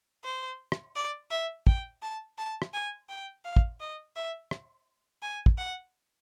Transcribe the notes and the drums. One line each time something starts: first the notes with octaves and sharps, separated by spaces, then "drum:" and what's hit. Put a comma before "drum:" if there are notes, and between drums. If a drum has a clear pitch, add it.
C5
drum: rim click
D5
E5
G5, drum: kick
A5
A5
drum: rim click
G#5
G5
F5
drum: kick
D#5
E5
drum: rim click
G#5
drum: kick
F#5